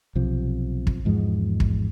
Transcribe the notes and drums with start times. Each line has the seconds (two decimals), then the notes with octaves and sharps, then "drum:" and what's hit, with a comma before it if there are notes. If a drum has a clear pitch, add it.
0.15 B1 C3 F3
0.87 drum: kick
1.05 E2 G#2 F3 G#3
1.60 drum: kick